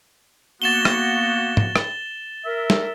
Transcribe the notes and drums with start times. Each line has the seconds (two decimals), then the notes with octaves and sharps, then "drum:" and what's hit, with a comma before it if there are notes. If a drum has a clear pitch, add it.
0.62 A#3 B3 F#4 A6 E7 G7
0.85 drum: rim click
1.57 drum: tom
1.76 drum: rim click
2.45 A#4 E5
2.70 drum: snare